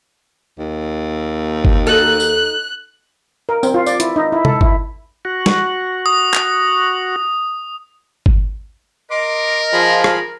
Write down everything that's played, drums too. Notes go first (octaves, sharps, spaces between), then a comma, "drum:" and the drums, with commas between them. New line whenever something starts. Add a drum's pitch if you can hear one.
D#2
drum: kick G1
D#4 F#4 A4 F#6
drum: tambourine
A#4
C4, drum: tambourine
F4
D5, drum: tambourine
E4, drum: hi-hat
D#4
E4
A4, drum: tom C3
E4, drum: kick G1
F#4
drum: snare
D#6
drum: clap
drum: kick G1
A#4 D#5 C6 D6
F3 F4 G#4 B5
drum: rim click